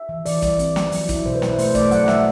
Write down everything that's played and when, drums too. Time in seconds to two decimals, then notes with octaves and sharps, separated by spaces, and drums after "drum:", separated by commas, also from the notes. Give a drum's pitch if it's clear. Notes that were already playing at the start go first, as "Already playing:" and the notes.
Already playing: E5
0.09 E3
0.26 E3 D5, drum: open hi-hat
0.42 G3 D5, drum: kick, hi-hat
0.59 C4, drum: hi-hat
0.76 F#3, drum: snare
0.92 F#3, drum: open hi-hat
1.09 E4, drum: kick, hi-hat
1.26 B2 C5
1.35 B4
1.42 E4 C5, drum: snare
1.59 A3 C5, drum: open hi-hat
1.75 A3 D5, drum: kick, hi-hat
1.91 F#3 F#5, drum: hi-hat
2.04 F#5
2.08 F#3 E5, drum: snare